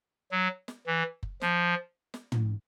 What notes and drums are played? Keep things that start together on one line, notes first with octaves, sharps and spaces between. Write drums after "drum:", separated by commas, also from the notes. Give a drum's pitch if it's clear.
F#3
drum: snare
E3
drum: kick F#1
F3, drum: snare
drum: snare
drum: tom